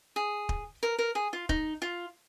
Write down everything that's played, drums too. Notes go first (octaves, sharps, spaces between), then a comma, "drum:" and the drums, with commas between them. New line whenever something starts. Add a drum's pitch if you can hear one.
G#4
drum: kick
A#4
A#4
G#4
F4
D#4, drum: kick
F4